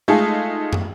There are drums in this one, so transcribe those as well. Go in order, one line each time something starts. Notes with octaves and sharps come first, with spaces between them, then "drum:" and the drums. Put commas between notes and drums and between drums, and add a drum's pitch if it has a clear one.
G#3 A3 D#4 F4 G#4 A4
drum: tom